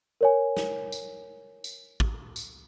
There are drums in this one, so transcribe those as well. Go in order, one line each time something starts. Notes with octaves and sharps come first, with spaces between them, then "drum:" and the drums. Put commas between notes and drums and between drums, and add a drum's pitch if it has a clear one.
A#4 C#5 G#5
drum: snare
drum: tambourine
drum: tambourine
drum: kick
drum: tambourine